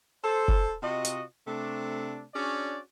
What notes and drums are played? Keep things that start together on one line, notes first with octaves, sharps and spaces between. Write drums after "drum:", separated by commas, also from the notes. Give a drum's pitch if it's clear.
A4 C5
drum: kick F#1
C3 F4 F#4 D#5
drum: hi-hat
C3 A3 D4
C#4 D4 F#4 G#4 C#5 D5